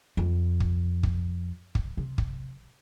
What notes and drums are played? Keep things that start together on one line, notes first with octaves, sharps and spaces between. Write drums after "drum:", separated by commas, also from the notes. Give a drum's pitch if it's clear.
F2
drum: kick
drum: kick
drum: kick
C3
drum: kick